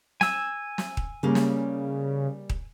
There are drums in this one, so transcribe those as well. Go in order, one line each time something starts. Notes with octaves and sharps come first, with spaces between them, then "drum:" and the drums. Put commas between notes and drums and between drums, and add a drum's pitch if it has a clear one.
G#5 E6, drum: snare
drum: snare
drum: kick D#1
C#3 G3 A#3
drum: snare
drum: kick D#1